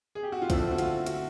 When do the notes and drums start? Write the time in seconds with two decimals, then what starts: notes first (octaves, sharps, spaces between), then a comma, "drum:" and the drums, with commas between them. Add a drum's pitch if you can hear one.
0.15 G#4
0.23 G4
0.32 F#4
0.42 F4
0.50 D3 F3 A3 C4 E4, drum: kick B1, hi-hat
0.71 F#4
0.78 F4, drum: hi-hat
1.06 F#4, drum: hi-hat